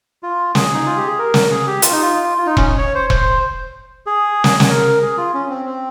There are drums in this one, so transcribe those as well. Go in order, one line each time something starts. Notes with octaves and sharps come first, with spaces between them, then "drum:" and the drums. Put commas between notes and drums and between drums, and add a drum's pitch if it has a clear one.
F4
G#4, drum: snare
D#4
F4
G4
G#4
A#4
drum: snare
G#4
G4
F4, drum: hi-hat
D#4
F4
F4
D#4
C#4, drum: kick E1
C#5
C5
C5, drum: kick E1
G#4
drum: snare
G#4, drum: snare
A#4
G#4
F4
C#4
C4
C4